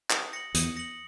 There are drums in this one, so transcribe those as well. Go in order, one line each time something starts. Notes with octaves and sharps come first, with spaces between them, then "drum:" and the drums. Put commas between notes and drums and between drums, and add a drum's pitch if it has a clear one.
D#6, drum: clap
A#6 C#7 F#7
E2 D#6, drum: hi-hat
A#6 C#7 F#7